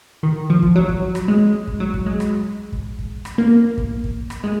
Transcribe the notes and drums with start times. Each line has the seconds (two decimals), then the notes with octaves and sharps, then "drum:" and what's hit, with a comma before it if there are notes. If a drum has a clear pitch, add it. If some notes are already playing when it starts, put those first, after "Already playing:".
0.23 D#3
0.50 F3
0.62 drum: kick
0.76 F#3
0.89 drum: kick
1.15 drum: rim click
1.28 G#3
1.67 drum: kick
1.80 F#3
1.94 drum: kick
2.06 G#3
2.20 drum: rim click
2.72 drum: kick
2.99 drum: kick
3.25 drum: rim click
3.38 A#3
3.78 drum: kick
4.04 drum: kick
4.30 drum: rim click
4.44 G#3